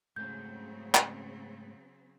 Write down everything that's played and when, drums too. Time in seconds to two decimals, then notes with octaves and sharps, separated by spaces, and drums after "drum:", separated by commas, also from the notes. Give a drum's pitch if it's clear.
0.16 G#2 C#3 F#3 A3 C4 C5 G6
0.94 drum: clap